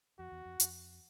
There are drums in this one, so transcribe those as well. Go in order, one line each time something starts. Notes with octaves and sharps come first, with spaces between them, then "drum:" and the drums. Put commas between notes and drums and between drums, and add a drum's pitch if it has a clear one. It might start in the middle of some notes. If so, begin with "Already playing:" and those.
F2 F#4
E2
F2
F2, drum: hi-hat